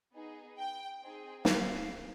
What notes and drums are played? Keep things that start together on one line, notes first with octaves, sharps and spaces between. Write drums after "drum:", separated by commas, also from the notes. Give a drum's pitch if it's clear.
B3 D#4 G#4
G5
C4 D#4 G#4
F5, drum: snare